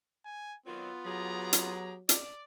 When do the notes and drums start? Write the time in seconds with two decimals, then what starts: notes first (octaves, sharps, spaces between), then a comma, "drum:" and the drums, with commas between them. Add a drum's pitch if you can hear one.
0.25 G#5
0.66 D#3 F#3 B3 C4 F4
1.05 F#3 G4 G#4 A#5
1.53 drum: hi-hat
2.09 D5, drum: hi-hat